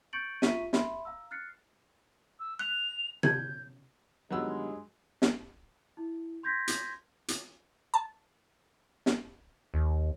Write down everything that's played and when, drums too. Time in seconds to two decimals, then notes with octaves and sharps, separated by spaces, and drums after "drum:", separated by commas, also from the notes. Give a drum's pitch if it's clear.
0.13 C#6 G6 A6 C#7 D7 F#7
0.42 F4 E5 F5 C#6 B6 D#7, drum: snare
0.73 E5 B5 C6, drum: snare
1.05 F5 A#5 E6
1.31 F6 F#6 A6 C7 C#7
2.40 E6
2.59 F#6 F7
3.23 G6 G#6, drum: tom C3
4.31 G2 D#3 F#3 G#3 B3 F4 E6
5.22 drum: snare
5.97 E4
6.43 C6 G6 G#6 A#6 B6
6.68 drum: hi-hat
7.28 drum: hi-hat
7.94 A5
9.06 drum: snare
9.74 D#2